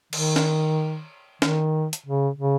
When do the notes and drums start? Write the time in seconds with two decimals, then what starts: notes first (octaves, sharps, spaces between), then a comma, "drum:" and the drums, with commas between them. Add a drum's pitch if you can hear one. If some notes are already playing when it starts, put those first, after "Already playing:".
0.13 D#3, drum: cymbal
0.36 drum: snare
1.42 D#3, drum: snare
1.93 drum: hi-hat
2.06 C#3
2.39 C#3